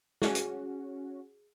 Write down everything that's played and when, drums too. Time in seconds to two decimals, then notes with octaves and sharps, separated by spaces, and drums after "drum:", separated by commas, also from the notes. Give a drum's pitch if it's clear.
0.22 C#4 F#4 G#4, drum: snare
0.35 drum: hi-hat